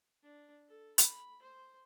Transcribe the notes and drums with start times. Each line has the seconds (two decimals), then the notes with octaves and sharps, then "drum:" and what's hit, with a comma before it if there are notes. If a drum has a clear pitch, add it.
0.23 D4
0.68 A4
0.98 B5, drum: hi-hat
1.42 C5